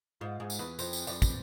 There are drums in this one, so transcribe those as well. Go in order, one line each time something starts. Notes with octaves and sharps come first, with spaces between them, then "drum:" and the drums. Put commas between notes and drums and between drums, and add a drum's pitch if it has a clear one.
G#2 F4
G#2 G#4
drum: tambourine
E2 B4
F2 C5, drum: tambourine
drum: tambourine
F2 D5, drum: tambourine
drum: kick, tambourine